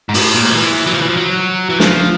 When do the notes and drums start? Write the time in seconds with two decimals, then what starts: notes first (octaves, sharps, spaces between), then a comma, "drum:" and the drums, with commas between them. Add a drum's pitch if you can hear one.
0.09 G#2
0.14 A2, drum: open hi-hat
0.35 A#2
0.50 F3
0.55 E3
0.86 F#3
0.94 F3
1.02 E3
1.09 F3
1.17 F#3
1.70 E3
1.80 F3, drum: snare